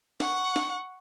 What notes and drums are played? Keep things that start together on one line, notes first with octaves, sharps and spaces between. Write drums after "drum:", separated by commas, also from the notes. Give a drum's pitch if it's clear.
F#5 C#6, drum: snare
drum: snare